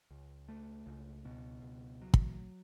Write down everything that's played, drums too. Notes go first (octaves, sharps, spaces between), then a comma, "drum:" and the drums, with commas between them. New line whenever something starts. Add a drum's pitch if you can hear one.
C#2
A3
C#2
B2
C#2
F#3
drum: kick